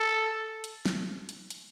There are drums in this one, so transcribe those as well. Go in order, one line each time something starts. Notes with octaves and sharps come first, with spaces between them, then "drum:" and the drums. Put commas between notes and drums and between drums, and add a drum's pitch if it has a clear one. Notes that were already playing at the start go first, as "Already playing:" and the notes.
Already playing: A4
drum: hi-hat
drum: snare
drum: hi-hat
drum: hi-hat